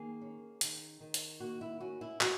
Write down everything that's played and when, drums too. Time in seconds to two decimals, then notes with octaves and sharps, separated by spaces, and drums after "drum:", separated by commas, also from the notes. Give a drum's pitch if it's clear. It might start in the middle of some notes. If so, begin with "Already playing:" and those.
Already playing: D#3 A#3 G#4
0.21 C#4
0.61 D#3, drum: hi-hat
1.00 D#3
1.14 drum: hi-hat
1.40 A#3 F#4
1.61 E4
1.80 C#4 F#4
2.01 E4
2.21 E3 F#4, drum: clap